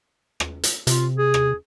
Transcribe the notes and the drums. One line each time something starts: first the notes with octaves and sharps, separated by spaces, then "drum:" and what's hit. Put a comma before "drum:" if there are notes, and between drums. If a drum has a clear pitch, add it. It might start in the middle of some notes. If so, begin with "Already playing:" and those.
drum: rim click
drum: hi-hat
C3 F4, drum: hi-hat
G#4
drum: rim click